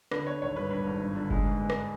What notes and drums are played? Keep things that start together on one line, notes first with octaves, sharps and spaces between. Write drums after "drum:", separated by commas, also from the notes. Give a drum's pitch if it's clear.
D3 B4, drum: rim click
D3 C#5
G#1 C#5
G2 B4
G2 B4
G#1
G2
D3
G#3, drum: kick F#1
G#2
G#3
drum: rim click